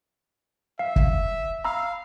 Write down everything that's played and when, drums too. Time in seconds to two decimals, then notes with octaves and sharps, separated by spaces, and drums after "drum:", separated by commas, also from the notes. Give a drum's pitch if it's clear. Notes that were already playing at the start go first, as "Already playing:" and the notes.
0.79 E5 F5
0.96 drum: kick
1.65 F5 A#5 B5 E6